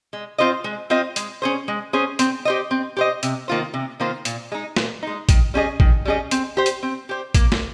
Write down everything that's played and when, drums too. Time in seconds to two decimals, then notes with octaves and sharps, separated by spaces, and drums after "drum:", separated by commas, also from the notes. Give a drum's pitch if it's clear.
0.13 G#3
0.38 C4 F4 C5 D#5
0.64 G#3
0.90 C4 F4 C5 D#5
1.16 G#3, drum: hi-hat
1.42 C#4 G#4 C5
1.68 G#3
1.93 C#4 G#4 C5
2.19 C4, drum: hi-hat
2.45 G4 C5 D#5
2.71 C4
2.97 G4 C5 D#5
3.23 C3, drum: hi-hat
3.48 D#3 A#3 F4 C5
3.74 C3
4.00 D#3 A#3 F4 C5
4.25 A#2, drum: hi-hat
4.52 G#3 D#4
4.76 A#2, drum: snare
5.03 G#3 D#4
5.29 D#3, drum: kick, hi-hat
5.54 G3 C#4 G#4 D#5
5.80 D#3, drum: kick
6.05 G3 C#4 G#4 D#5
6.31 C4, drum: hi-hat
6.57 G4 C5
6.66 drum: hi-hat
6.83 C4
7.09 G4 C5
7.34 A#3, drum: kick, hi-hat
7.52 drum: snare